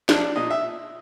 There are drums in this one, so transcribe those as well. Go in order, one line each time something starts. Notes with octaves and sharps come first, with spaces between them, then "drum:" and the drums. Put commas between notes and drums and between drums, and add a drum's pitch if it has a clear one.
F3 D4 D5, drum: snare
A#2 D#5
E5